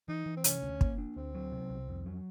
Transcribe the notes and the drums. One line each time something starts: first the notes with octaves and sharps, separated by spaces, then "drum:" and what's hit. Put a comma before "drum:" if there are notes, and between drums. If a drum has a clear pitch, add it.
E3 D#4
E3
C4
C3 C#4, drum: hi-hat
D2
A#3, drum: kick
D4
D2 C4
F#3
C3
C2
F2
F#3